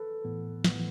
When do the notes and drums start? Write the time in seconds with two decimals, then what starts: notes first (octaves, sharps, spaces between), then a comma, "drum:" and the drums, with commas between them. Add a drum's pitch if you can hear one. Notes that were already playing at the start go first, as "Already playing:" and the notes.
Already playing: A4 B4
0.24 A2 E3 B3
0.64 A2 E3 B3, drum: snare